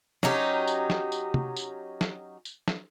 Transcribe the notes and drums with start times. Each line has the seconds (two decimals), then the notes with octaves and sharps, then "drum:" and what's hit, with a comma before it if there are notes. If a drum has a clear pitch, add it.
0.23 F#3 C#4 D#4 G4, drum: snare
0.67 drum: tambourine
0.90 drum: snare
1.12 drum: tambourine
1.34 drum: tom
1.56 drum: tambourine
2.01 drum: snare
2.45 drum: tambourine
2.68 drum: snare